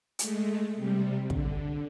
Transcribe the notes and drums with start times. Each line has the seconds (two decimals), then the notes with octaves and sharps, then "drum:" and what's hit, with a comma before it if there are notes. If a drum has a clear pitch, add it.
0.19 G#3 A3, drum: hi-hat
0.75 C3 G3
1.30 D3, drum: kick